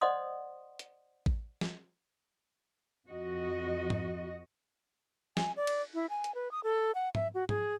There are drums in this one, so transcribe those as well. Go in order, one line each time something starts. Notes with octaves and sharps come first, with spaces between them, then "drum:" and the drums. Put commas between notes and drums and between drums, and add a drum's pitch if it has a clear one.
C5 D5 D#5 F#5 C6 D#6
drum: hi-hat
drum: kick A1
drum: snare
F2 F#4 D#5
drum: tom G#2
G#5, drum: snare
D5
drum: cymbal
E4
G#5
drum: hi-hat
B4
D#6
A4
F#5
E5, drum: tom G#2
F#4
G#4, drum: tom G#2